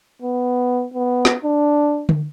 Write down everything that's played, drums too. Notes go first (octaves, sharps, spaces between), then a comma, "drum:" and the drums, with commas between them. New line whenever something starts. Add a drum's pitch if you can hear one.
B3
B3
drum: snare
D4
drum: tom D3